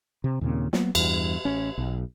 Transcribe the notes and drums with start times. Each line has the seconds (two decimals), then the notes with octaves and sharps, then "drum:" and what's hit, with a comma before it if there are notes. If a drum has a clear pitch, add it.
0.24 C3
0.41 D#2 A#2 C#3 C4
0.73 F#3 A#3 B3, drum: snare
0.95 E2 G2, drum: cymbal
1.45 A1 C#4
1.78 B1